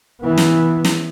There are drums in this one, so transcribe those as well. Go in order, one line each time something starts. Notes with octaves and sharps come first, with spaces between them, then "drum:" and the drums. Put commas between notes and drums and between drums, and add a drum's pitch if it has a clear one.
E3 B3
drum: snare
drum: snare